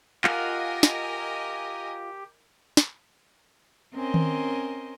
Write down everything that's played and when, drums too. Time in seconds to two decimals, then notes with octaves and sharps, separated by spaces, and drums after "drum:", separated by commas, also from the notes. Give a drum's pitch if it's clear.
0.24 F4 G4 A#4 D#5 F5 F#5 G#5, drum: clap
0.83 drum: snare
2.77 drum: snare
3.93 C4 C#4 A#4 C5 D#5 G#5
4.14 drum: tom D#3